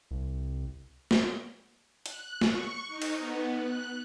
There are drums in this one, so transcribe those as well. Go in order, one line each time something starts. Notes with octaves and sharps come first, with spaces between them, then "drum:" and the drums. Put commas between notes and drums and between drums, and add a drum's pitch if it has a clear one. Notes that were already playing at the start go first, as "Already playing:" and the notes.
C2
drum: snare
F#6, drum: hi-hat
C#6, drum: snare
D#4
drum: cymbal
B3
F#6